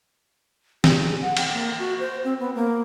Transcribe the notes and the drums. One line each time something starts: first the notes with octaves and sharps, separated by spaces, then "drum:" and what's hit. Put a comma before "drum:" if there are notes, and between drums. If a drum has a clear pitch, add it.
G4, drum: snare
G#4
F#5
G5, drum: cymbal
A#3
F#4
C5
C4
B3
A#3